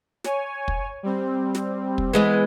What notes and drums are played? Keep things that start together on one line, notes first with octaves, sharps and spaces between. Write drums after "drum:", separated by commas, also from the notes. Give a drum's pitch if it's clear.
C#5 G#5, drum: snare
drum: kick
G3 C4
drum: snare
drum: kick
E3 G#3 B3